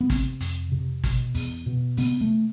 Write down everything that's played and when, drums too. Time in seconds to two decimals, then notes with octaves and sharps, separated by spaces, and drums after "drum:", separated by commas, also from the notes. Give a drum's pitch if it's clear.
0.01 B3
0.10 C3 C4, drum: kick, hi-hat
0.40 F2, drum: hi-hat
0.72 C3
1.04 B2, drum: kick, hi-hat
1.34 E2, drum: open hi-hat
1.66 B2
1.97 C3 B3, drum: open hi-hat
2.21 A3